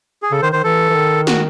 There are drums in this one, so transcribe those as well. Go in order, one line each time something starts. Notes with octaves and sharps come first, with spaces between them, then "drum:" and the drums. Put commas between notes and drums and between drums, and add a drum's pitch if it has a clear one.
G#4
C#3 A4
D#3 C5
D#3 C5
E3 A4
E3
D#3
F#4, drum: snare